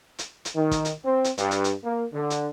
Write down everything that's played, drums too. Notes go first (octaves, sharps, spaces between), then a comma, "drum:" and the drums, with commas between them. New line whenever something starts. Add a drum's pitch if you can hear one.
drum: hi-hat
drum: hi-hat
D#3
drum: kick, hi-hat
drum: hi-hat
C4
drum: hi-hat
G2, drum: hi-hat
drum: hi-hat
drum: hi-hat
A#3
D3
drum: hi-hat